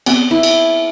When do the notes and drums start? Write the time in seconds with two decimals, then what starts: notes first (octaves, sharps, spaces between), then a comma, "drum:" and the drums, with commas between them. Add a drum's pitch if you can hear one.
0.06 B3 C4, drum: cymbal
0.31 E4
0.43 drum: cymbal